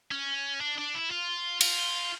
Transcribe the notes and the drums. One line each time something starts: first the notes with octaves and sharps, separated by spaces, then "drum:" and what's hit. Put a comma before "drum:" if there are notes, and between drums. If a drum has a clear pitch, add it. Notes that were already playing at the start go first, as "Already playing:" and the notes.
C#4
D4
D4
E4
F4
F4, drum: cymbal